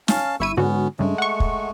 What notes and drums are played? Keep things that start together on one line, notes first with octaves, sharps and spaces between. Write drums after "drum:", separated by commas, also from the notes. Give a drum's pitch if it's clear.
C#4 F5 A5, drum: snare
G1 E4 C#6 E6 D#7
G#2 D3 B3 C#4 F#4
G2 C#3 G#3 A3
F#5 C#6
drum: kick